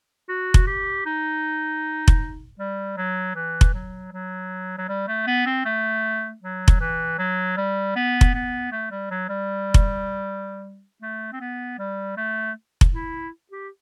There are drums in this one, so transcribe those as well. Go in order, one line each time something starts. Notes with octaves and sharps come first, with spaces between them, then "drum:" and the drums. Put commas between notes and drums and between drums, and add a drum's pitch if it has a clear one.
F#4
drum: kick F1
G4
D#4
drum: kick F1
G3
F#3
E3
drum: kick F1
F#3
F#3
F#3
G3
A3
B3
C4
A3
F#3
drum: kick F1
E3
F#3
G3
B3
drum: kick F1
B3
A3
G3
F#3
G3
drum: kick F1
A3
C4
B3
G3
A3
drum: kick F1
E4
G4